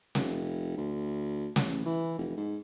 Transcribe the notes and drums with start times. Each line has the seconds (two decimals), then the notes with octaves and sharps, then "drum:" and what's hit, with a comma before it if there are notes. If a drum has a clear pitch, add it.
0.15 F1, drum: snare
0.77 D2
1.56 A1, drum: snare
1.85 E3
2.18 F1
2.37 G#2